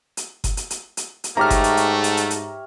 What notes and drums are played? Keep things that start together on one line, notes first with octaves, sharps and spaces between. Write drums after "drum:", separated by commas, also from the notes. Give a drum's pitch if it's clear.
drum: hi-hat
drum: kick F#1, hi-hat
drum: hi-hat
drum: hi-hat
drum: hi-hat
drum: hi-hat
G#2 A3 G4 C#5 E5 A#5 F6
drum: kick F#1, hi-hat
drum: hi-hat
drum: hi-hat
drum: hi-hat
drum: hi-hat
drum: hi-hat